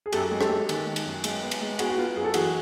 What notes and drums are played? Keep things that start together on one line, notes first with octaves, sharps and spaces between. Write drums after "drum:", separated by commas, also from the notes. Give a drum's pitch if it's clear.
G#4
F#2 G4 A4, drum: cymbal
G#3
G4 A4, drum: rim click
G#3
D#3, drum: cymbal
G#3
drum: cymbal
F#2
G#3, drum: cymbal
B3
drum: cymbal
G#3
B3 F#4 G#4, drum: cymbal
F#4
B3 F4
F#2 G#4
A4
E3 F#4 G#4, drum: cymbal